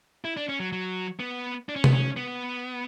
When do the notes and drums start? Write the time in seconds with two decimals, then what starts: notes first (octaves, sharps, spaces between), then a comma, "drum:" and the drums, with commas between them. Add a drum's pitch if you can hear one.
0.24 E4
0.37 D4
0.49 C#4
0.60 F#3
0.72 F#3
1.20 B3
1.69 D4
1.76 C#4
1.84 B3, drum: tom C3
1.93 C#4
2.17 B3